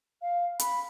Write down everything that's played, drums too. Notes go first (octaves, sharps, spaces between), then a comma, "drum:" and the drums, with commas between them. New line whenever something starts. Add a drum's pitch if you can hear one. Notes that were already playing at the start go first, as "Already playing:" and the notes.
F5
B5, drum: hi-hat